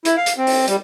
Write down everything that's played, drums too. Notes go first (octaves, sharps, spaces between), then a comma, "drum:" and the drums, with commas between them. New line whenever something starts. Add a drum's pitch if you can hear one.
E4, drum: hi-hat
F5
drum: hi-hat
C4
drum: open hi-hat
G3, drum: hi-hat